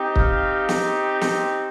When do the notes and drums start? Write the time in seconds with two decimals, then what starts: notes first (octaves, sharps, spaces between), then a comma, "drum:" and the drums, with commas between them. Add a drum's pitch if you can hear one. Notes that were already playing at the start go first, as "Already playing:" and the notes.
Already playing: C4 D#4 G4
0.16 F5, drum: kick C#1
0.69 drum: snare
1.21 drum: snare